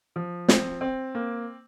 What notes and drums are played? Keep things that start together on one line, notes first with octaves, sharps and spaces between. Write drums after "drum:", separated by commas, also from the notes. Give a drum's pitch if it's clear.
F3
C4, drum: snare
C4
A#3